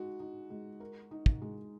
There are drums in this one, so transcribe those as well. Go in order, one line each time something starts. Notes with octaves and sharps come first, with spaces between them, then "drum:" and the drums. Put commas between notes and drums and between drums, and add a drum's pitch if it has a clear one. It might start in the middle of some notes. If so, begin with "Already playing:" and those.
Already playing: G#3 D#4 F#4
D#4
G#3
A#4
D#4
drum: kick
G#3